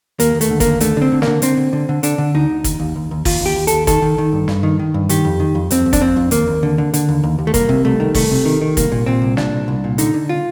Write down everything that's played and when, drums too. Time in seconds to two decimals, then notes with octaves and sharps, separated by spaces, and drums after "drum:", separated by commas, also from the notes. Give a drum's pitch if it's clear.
0.20 D#2 A#3, drum: hi-hat
0.35 D#2
0.41 A3, drum: hi-hat
0.50 D3
0.60 A#3, drum: kick, hi-hat
0.66 D#2
0.80 D3 A3, drum: hi-hat
0.97 D3 C4
1.12 D3
1.22 A#3, drum: snare
1.27 D3
1.42 D3 C4, drum: hi-hat
1.57 D3
1.73 D3
1.89 D3
2.03 D3 D4, drum: hi-hat
2.18 D3
2.35 D2 D#4
2.50 D2
2.64 D#2, drum: kick, hi-hat
2.80 D#2
2.96 D#2
3.11 D#2
3.25 D#2 F4, drum: kick, open hi-hat
3.41 D#2 G4
3.56 D#2
3.67 D#2 A4, drum: hi-hat
3.87 D#3 A4, drum: kick, hi-hat
4.02 D#3
4.18 D#3
4.33 G2
4.48 G2, drum: snare
4.63 D#3
4.79 D#3
4.94 G2
5.09 D#3 G4, drum: hi-hat
5.25 F2
5.40 D#3
5.55 F2
5.71 F2 C4, drum: hi-hat
5.86 F2
5.93 D4, drum: kick, hi-hat
6.01 F2 C4
6.16 F2
6.31 D#2 A#3, drum: hi-hat
6.47 D#2
6.63 D3
6.78 D3
6.94 D3, drum: hi-hat
7.09 D#2
7.24 D#2
7.39 D#2
7.47 A3
7.54 C2 A#3, drum: kick, hi-hat
7.69 C3
7.85 C2 A3
8.00 D#3
8.15 C2 A3, drum: kick, open hi-hat
8.31 C3
8.45 D#3
8.61 D#3
8.77 C2 A#3, drum: kick, hi-hat
8.92 A#2
9.06 A#2 C4
9.22 C2
9.37 A#2 D4, drum: snare
9.53 C2
9.68 C2
9.84 A#2
9.98 D3 D#4, drum: hi-hat
10.14 D3
10.29 F4